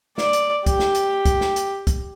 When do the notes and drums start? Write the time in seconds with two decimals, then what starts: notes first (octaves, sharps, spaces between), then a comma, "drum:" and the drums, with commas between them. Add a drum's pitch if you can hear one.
0.18 D5, drum: snare
0.33 drum: hi-hat
0.66 G4, drum: kick, hi-hat
0.79 drum: snare
0.95 drum: hi-hat
1.25 drum: kick, hi-hat
1.41 drum: snare
1.56 drum: hi-hat
1.87 drum: kick, hi-hat